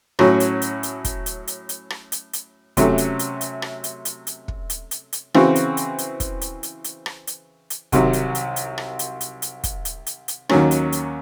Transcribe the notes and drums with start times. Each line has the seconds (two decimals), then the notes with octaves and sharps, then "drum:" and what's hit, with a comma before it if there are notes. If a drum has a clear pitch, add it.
0.19 A2 F#3 C#4 F#4, drum: rim click
0.40 drum: hi-hat
0.62 drum: hi-hat
0.83 drum: hi-hat
1.05 drum: kick, hi-hat
1.26 drum: hi-hat
1.47 drum: hi-hat
1.69 drum: hi-hat
1.90 drum: rim click
2.12 drum: hi-hat
2.33 drum: hi-hat
2.77 C3 F#3 A3 C#4, drum: kick, hi-hat
2.98 drum: hi-hat
3.19 drum: hi-hat
3.41 drum: hi-hat
3.62 drum: rim click
3.84 drum: hi-hat
4.05 drum: hi-hat
4.27 drum: hi-hat
4.48 drum: kick
4.70 drum: hi-hat
4.91 drum: hi-hat
5.13 drum: hi-hat
5.34 C#3 E3 C4 F#4, drum: rim click
5.55 drum: hi-hat
5.77 drum: hi-hat
5.98 drum: hi-hat
6.20 drum: kick, hi-hat
6.41 drum: hi-hat
6.63 drum: hi-hat
6.84 drum: hi-hat
7.06 drum: rim click
7.27 drum: hi-hat
7.70 drum: hi-hat
7.92 C2 C3 D#3 F#3, drum: kick, hi-hat
8.13 drum: hi-hat
8.35 drum: hi-hat
8.56 drum: hi-hat
8.78 drum: rim click
8.99 drum: hi-hat
9.21 drum: hi-hat
9.42 drum: hi-hat
9.64 drum: kick, hi-hat
9.85 drum: hi-hat
10.06 drum: hi-hat
10.28 drum: hi-hat
10.49 D#2 D#3 F#3 C#4, drum: rim click
10.71 drum: hi-hat
10.92 drum: hi-hat